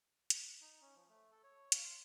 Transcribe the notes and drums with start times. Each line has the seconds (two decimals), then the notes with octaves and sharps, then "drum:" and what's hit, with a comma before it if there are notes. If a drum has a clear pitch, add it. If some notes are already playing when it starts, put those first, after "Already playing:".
0.30 drum: hi-hat
0.61 D#4
0.82 C#4
0.96 F3
1.09 A3
1.32 A4
1.44 C#5
1.72 F5, drum: hi-hat
1.84 C6